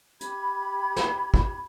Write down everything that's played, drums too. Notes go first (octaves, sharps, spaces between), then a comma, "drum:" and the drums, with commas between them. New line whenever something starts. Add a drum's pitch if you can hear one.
G4 B5 G#6, drum: hi-hat
drum: snare
drum: kick